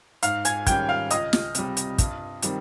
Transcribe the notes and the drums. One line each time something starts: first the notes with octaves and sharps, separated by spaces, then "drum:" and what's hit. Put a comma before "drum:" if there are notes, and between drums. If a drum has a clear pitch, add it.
G#2 F5 F6, drum: hi-hat
G#5 G#6, drum: hi-hat
D#3 G3 C#4 G5 G6, drum: kick, hi-hat
F5 F6
C#2 D#5 D#6, drum: hi-hat
drum: snare
C3 G3, drum: hi-hat
drum: hi-hat
G2, drum: kick, hi-hat
D#3 G3 C4, drum: hi-hat